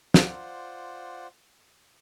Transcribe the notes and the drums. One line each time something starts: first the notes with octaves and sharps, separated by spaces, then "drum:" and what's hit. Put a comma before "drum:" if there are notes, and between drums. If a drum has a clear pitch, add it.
F4 C5 D5 F#5, drum: snare